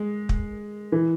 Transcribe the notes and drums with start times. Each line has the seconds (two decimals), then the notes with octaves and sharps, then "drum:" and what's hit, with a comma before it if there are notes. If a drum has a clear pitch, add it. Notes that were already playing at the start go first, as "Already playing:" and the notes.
Already playing: G#3
0.29 drum: kick
0.92 E3